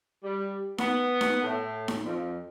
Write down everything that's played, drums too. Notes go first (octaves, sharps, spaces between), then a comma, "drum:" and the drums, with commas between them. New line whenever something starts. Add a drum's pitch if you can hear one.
G3
B3, drum: snare D#4
drum: snare D#4
A2
drum: snare D#4
F2